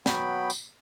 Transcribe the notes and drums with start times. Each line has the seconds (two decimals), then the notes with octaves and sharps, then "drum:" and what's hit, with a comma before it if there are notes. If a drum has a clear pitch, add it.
0.06 F#3 B3 G5 B5, drum: snare
0.50 drum: tambourine